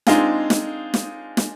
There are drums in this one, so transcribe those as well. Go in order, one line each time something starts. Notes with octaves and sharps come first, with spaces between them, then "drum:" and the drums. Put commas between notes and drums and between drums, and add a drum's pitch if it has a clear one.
G#3 C4 D4 D#4 F4 G#4, drum: snare
drum: snare
drum: snare
drum: snare